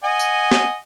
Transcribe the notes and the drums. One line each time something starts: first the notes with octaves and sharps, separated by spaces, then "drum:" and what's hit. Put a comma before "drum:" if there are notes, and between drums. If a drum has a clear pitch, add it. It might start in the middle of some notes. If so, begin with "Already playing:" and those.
D#5 F#5 G#5
drum: tambourine
drum: snare